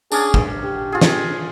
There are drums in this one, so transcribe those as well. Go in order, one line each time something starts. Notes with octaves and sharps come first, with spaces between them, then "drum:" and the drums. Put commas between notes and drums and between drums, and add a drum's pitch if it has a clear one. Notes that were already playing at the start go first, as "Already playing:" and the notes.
C#4 D4 G#4, drum: tambourine
drum: kick
G4
F4 G#4
drum: snare